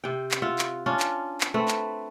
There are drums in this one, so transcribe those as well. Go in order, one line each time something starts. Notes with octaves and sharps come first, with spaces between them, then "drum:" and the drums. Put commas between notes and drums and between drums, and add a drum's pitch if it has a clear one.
C3 G5
drum: clap
F4 E5 F#5
drum: clap
C#4 D4 F4
drum: clap
drum: clap
A3 C4 B4
drum: clap